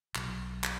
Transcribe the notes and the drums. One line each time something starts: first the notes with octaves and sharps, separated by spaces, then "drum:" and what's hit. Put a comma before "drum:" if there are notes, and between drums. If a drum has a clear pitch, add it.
B1, drum: clap
drum: clap